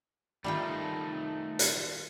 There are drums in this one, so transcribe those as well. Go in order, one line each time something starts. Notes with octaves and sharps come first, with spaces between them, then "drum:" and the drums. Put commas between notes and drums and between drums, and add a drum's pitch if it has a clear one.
D#3 G3 A3 D#4 F4 F5 G5
drum: hi-hat